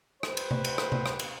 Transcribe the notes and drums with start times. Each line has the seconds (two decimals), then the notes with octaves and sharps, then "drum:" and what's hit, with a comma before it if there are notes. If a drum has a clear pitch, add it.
0.23 G4 B4 C5, drum: rim click
0.37 drum: cymbal
0.51 drum: tom C3
0.64 drum: cymbal
0.78 drum: rim click
0.92 drum: tom C3
1.06 drum: rim click
1.19 drum: cymbal